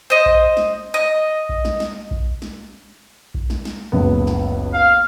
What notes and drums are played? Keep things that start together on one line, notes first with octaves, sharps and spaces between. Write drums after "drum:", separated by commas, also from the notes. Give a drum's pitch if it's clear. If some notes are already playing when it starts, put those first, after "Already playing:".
C5 D#5
drum: kick A#1
drum: snare
D#5
drum: kick A#1
drum: snare
drum: snare
drum: kick A#1
drum: snare
drum: kick A#1
drum: snare
drum: snare
F#1 C#2 B3
drum: snare
F5